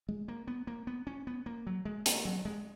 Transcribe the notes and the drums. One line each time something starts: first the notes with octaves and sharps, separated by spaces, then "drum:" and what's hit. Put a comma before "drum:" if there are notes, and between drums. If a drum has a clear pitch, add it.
G#3
A#3
B3
A#3
B3
C#4
B3
A#3
F#3
G#3
A#3, drum: hi-hat
F#3
G#3